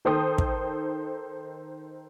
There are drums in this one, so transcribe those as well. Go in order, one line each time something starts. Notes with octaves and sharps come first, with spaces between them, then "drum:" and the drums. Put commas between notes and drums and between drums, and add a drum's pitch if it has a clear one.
D#3 A4 C5 G5 D#6
drum: kick